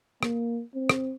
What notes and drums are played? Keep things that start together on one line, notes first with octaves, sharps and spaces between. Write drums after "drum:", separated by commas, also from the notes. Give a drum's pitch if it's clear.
A#3, drum: rim click
C4
drum: rim click